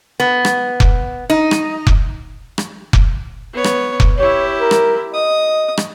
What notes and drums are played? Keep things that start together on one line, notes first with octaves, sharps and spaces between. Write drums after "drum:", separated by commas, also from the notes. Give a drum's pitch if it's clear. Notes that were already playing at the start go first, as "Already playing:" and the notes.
B3
drum: rim click
drum: kick F1
D#4
drum: rim click
drum: kick F1
drum: rim click
drum: kick F1
B3 C#5
drum: rim click
drum: kick F1
E4 G4 C#5
A#4
drum: rim click
D#5 D#6
drum: rim click